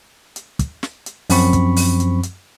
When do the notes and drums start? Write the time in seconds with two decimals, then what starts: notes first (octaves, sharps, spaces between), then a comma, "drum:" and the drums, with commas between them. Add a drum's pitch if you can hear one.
0.36 drum: hi-hat
0.59 drum: kick, hi-hat
0.83 drum: snare
1.06 drum: hi-hat
1.30 F#2 F3 C4 B5 C#6, drum: open hi-hat
1.53 drum: kick, hi-hat
1.76 drum: open hi-hat
2.00 drum: hi-hat
2.23 drum: hi-hat